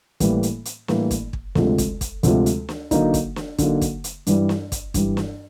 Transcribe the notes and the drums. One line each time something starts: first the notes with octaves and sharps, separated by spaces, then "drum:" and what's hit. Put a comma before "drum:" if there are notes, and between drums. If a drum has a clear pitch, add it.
A2 E3 G3 A#3, drum: kick, hi-hat
drum: hi-hat
drum: hi-hat
A2 E3 G3 A#3, drum: snare
drum: kick, hi-hat
drum: kick
D2 C3 F3 G#3, drum: snare
drum: kick, hi-hat
drum: kick, hi-hat
D2 C3 F3 G#3, drum: hi-hat
drum: hi-hat
drum: snare
D3 F#3 A#3 D#4, drum: kick, hi-hat
drum: kick, hi-hat
drum: snare
D3 F#3 A#3 D#4, drum: kick, hi-hat
drum: kick, hi-hat
drum: hi-hat
G2 E3 G3, drum: hi-hat
drum: snare
drum: kick, hi-hat
G2 E3 G3, drum: kick, hi-hat
drum: snare